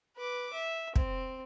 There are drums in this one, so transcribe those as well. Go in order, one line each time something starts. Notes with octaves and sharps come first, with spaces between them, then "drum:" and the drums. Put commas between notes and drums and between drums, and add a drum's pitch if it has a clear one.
B4 D6
E5
C4, drum: kick